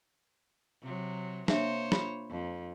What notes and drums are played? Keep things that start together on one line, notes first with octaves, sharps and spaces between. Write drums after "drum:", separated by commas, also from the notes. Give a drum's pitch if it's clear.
C3 F#3
A#3 D4 C5 C#5 E5, drum: snare
F4, drum: snare
F2